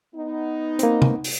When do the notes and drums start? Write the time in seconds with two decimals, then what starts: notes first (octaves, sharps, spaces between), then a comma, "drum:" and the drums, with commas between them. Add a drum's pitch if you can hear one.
0.15 B3 D#4
0.79 A#3 C4, drum: hi-hat
1.02 drum: tom
1.24 drum: open hi-hat